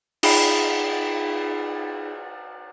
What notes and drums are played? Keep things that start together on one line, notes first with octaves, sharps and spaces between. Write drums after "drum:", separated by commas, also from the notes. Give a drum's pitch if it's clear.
D#4 F4 G#4 G5 B5, drum: cymbal